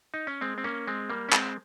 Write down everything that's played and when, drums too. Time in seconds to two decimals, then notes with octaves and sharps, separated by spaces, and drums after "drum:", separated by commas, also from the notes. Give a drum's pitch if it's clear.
0.14 D#4
0.27 C#4
0.41 G#3 C4
0.58 C4
0.64 A#3 C#4
0.87 G#3 C4
1.10 G3 A#3
1.29 C#4
1.32 G#3 C4, drum: clap